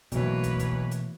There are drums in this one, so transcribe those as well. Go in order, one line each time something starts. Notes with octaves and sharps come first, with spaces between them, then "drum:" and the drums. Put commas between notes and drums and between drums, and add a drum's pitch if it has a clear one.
B1 B2 E3 A3 A#3 B4 C#5, drum: hi-hat
drum: kick, hi-hat
drum: kick, hi-hat
drum: hi-hat